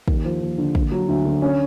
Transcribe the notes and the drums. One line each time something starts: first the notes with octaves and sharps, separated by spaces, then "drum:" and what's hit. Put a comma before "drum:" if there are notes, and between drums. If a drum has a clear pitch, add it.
D#2, drum: kick
F3
D#2
D3
A#3, drum: kick
F#3
D2
D3
C#4